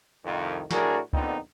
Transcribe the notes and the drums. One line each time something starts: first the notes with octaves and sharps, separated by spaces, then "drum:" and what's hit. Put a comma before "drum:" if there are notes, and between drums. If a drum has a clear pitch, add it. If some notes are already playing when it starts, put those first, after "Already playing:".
C2 F2 D#3
A2 D4 F#4 G#4 A#4, drum: snare
A#1 F2 D3 B3 C4 D#4, drum: kick C#2